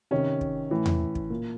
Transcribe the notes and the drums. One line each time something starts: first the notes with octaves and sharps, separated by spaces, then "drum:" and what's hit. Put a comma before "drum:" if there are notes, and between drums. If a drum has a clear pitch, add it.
C3 D#3 C#4
drum: kick
A2 E3
drum: tom E2
drum: kick
A#2